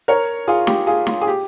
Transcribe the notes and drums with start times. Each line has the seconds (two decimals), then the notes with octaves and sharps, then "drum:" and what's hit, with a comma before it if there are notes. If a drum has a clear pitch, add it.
0.08 A#4 C#5
0.48 F4 G#4
0.67 G4, drum: snare
0.87 F4 G#4
1.07 F4, drum: snare
1.21 G#4
1.27 G4